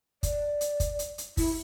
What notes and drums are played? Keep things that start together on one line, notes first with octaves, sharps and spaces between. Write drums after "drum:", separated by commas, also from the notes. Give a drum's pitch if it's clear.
D5, drum: kick, hi-hat
drum: hi-hat
drum: kick, hi-hat
drum: hi-hat
drum: hi-hat
E4, drum: kick, open hi-hat